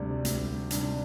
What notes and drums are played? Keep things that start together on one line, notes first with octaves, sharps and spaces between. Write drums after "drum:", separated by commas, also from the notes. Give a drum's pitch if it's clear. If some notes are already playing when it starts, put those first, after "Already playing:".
Already playing: D2 C3 G3 D4
D2, drum: hi-hat
C3 G3 D4, drum: hi-hat